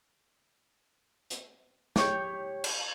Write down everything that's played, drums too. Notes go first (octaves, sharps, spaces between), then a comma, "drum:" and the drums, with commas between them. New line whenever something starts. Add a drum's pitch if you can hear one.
drum: hi-hat
G4 C#5 G6, drum: snare
drum: cymbal